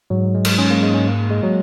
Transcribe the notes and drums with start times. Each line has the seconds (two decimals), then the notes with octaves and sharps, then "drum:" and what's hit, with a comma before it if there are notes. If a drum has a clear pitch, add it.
0.10 G#2 F#3
0.35 G#3
0.45 drum: cymbal
0.58 C#4
0.71 A#3
0.83 G#3
0.94 C#4
1.07 A#3
1.30 G#3
1.43 F#3